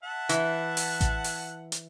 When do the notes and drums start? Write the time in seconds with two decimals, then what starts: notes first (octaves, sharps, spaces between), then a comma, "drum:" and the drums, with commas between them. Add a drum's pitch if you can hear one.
0.03 E5 F#5 A5
0.29 E3, drum: hi-hat
0.77 drum: open hi-hat
1.01 drum: kick A1, hi-hat
1.24 drum: open hi-hat
1.72 drum: hi-hat